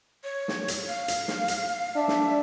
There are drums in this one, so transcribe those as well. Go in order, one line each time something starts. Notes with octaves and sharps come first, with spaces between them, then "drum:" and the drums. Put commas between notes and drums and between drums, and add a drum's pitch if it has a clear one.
C#5
drum: snare
drum: hi-hat
F5
drum: hi-hat
drum: snare
drum: hi-hat
D4 E5
drum: snare